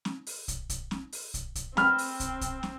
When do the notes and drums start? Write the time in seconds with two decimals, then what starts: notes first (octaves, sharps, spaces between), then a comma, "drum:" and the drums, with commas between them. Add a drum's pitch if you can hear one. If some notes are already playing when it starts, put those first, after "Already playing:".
0.05 drum: snare
0.27 drum: open hi-hat
0.48 drum: kick, hi-hat
0.70 drum: kick, hi-hat
0.91 drum: snare
1.12 drum: open hi-hat
1.34 drum: kick, hi-hat
1.55 drum: kick, hi-hat
1.77 C4 B5 F6, drum: snare
1.98 drum: open hi-hat
2.20 drum: kick, hi-hat
2.41 drum: kick, hi-hat
2.63 drum: snare